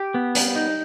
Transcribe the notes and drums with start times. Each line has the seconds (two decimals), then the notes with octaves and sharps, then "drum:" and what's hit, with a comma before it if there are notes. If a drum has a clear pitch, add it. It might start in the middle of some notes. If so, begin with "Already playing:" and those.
Already playing: G4
0.14 B3
0.35 G3, drum: hi-hat
0.56 D#4